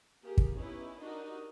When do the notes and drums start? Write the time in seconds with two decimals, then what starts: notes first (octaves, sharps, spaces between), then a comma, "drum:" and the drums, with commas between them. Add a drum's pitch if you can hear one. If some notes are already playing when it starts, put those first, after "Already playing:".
0.22 A#3 G4 G#4
0.38 drum: kick
0.56 B3 C#4 D#4 E4 G4 B4
1.00 D4 D#4 F#4 G4 A#4 D#5